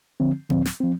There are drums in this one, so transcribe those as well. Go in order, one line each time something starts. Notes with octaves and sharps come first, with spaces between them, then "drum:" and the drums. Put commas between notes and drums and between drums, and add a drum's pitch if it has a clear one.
D3 F3 C4
D3 F3 C4, drum: tom A2
drum: snare
F3 C4